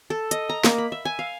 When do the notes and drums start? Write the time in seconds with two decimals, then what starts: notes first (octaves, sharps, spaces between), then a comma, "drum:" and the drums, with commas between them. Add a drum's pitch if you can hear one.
0.10 A4
0.31 D#5, drum: hi-hat
0.49 A#5
0.64 A#3, drum: snare
0.78 B5
0.92 E5
1.05 G#5
1.19 F5